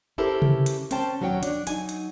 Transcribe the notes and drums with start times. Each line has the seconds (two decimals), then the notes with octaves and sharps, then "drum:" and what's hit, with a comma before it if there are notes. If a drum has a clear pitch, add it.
0.18 C#4 E4 G4 A4 A#4 C5
0.42 drum: tom C3
0.66 drum: hi-hat
0.91 C4 C#4 C5 G5 A5, drum: hi-hat
1.20 D#2 F#3 C#4 F#4 C#5 G5
1.43 D4, drum: hi-hat
1.67 F#3 D#4 G#5, drum: hi-hat
1.89 drum: hi-hat